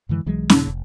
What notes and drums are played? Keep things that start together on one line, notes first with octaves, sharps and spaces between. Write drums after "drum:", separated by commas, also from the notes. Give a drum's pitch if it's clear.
F#2 D3 E3 G#3
B1 E3 F#3 G#3
D#2 A#2 C#3, drum: snare C#4
F1